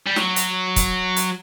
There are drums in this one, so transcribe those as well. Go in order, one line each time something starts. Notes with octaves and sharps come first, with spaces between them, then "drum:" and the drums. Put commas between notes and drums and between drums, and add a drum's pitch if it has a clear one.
G3
F#3, drum: snare
drum: hi-hat
drum: kick, hi-hat
drum: hi-hat